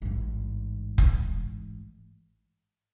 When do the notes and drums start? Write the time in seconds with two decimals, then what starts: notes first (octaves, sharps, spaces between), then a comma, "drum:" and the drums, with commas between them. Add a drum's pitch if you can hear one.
0.02 A1 G#2
0.98 drum: kick F1